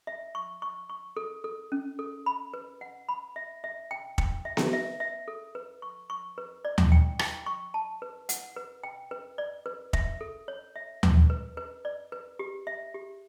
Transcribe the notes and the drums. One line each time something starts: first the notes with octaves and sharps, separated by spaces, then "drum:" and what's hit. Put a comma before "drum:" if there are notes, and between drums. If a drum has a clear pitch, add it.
E5
C#6
C#6
C#6
A4
A4
C#4
A4
B5
B4
F#5
B5
E5
E5
G5
G5, drum: kick
E5
drum: snare B3
E5
E5
A4
B4
C#6
C#6
B4
D5
drum: tom D#2
G5
G5, drum: rim click
C#6
A5
B4
F#5, drum: hi-hat
B4
G5
B4
D5
B4
E5, drum: kick
A4
C#5
E5
B4, drum: tom D#2
B4
B4
D5
B4
G4
E5
G4